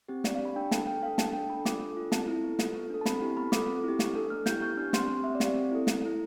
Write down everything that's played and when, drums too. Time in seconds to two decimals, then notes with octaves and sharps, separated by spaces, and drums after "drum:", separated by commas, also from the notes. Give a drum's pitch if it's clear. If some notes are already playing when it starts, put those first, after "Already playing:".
0.08 C4 G4
0.24 D4 D5, drum: snare
0.35 F5
0.40 G4 B5
0.56 D4 G5
0.71 A4 A5, drum: snare
0.87 B3 G5
1.02 D4 A4 F5
1.18 D4 A5, drum: snare
1.33 A4 G5
1.50 D4 B5
1.65 F4 A4 D6, drum: snare
1.81 D4
1.96 F4 A4
2.12 C4 A5, drum: snare
2.27 E4 A4
2.43 B3
2.59 F4 A4, drum: snare
2.74 B3
2.90 D4 A4
3.01 A5
3.06 C4 B5, drum: snare
3.21 E4 G4
3.37 B3 B5
3.52 F4 A4 D6, drum: snare
3.68 C4
3.84 E4 G4
3.99 B3, drum: snare
4.15 D4 A4
4.30 A3 F6
4.46 E4 G4 G6, drum: snare
4.62 B3 G6
4.77 D4 G4 F6
4.93 C4 C6, drum: snare
5.09 G4
5.24 C4 E5
5.35 D5
5.40 G4, drum: snare
5.45 F5
5.56 C4
5.71 E4 A4
5.87 A3, drum: snare
6.02 E4 A4